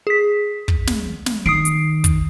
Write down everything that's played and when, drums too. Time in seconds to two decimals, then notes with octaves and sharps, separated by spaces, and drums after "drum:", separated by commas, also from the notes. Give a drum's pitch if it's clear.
0.07 G#4 B6
0.68 drum: kick
0.87 drum: snare
1.26 drum: snare
1.46 D#3 D#6 C7 D7
1.65 drum: hi-hat
2.04 drum: kick, hi-hat